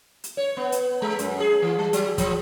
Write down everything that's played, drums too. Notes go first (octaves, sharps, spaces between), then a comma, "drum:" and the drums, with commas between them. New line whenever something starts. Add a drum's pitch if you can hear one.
drum: hi-hat
C#5
B3
drum: hi-hat
G#3
F#2, drum: hi-hat
G#4
E3
G3
F#3, drum: hi-hat
F3, drum: kick, hi-hat